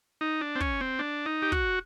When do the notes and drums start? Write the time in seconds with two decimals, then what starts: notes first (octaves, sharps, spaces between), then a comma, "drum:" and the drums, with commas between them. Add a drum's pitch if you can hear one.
0.21 D#4
0.41 D4
0.56 C4
0.60 C#4, drum: kick
0.81 C4
0.99 D4
1.26 D#4
1.42 G4
1.52 F#4, drum: kick